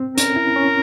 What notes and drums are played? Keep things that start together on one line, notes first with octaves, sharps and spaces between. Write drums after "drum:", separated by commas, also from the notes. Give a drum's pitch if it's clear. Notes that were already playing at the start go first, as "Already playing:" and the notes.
Already playing: C4
C#4 A#4, drum: hi-hat
E4
C#4